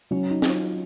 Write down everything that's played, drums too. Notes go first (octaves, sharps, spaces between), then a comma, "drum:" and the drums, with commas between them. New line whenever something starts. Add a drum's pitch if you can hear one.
F#3 C#4
D#4
F4, drum: snare